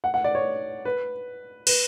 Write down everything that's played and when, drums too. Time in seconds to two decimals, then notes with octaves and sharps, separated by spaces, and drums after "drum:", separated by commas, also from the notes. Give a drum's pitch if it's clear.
0.04 F#5
0.14 F#5
0.24 D5
0.35 C#5
0.85 B4
1.67 B4, drum: cymbal